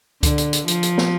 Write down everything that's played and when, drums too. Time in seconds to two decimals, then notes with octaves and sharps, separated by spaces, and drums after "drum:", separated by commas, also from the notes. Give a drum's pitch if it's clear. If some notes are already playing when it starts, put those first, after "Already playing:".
0.23 D3, drum: kick C#2, hi-hat
0.38 drum: hi-hat
0.53 drum: hi-hat
0.68 F3, drum: hi-hat
0.83 drum: hi-hat
0.98 drum: snare